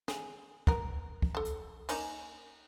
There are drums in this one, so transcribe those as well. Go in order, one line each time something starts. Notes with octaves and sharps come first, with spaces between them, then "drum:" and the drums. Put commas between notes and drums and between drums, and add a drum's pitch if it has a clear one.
G#4, drum: snare
B3 A#4, drum: kick
drum: kick
A4 A5
drum: hi-hat
A#3 C#4 D#4, drum: cymbal